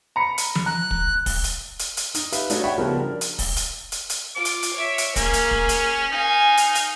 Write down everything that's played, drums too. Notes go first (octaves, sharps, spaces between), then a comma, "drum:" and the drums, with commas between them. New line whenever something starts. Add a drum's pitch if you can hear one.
A#5 B5 C#7
drum: hi-hat
drum: tom F3
A#5 F#6
drum: kick
drum: kick, open hi-hat
drum: hi-hat
drum: hi-hat
drum: hi-hat
D#4, drum: hi-hat
G4 B4 E5 F5, drum: hi-hat
A3 D4 D#4 F#4 C#5 D5, drum: hi-hat
C#5 E5 F#5 G5 B5 C#6
C#3 F3 G3 B3 F#4 A#4
D4 A#4
drum: hi-hat
drum: kick, open hi-hat
drum: hi-hat
drum: hi-hat
drum: hi-hat
F4 D6
drum: hi-hat
drum: hi-hat
C#5 E5
drum: hi-hat
A#3 C#4 G#4, drum: kick, hi-hat
drum: hi-hat
drum: kick
drum: hi-hat
D#4 F5 G#5
drum: hi-hat
drum: hi-hat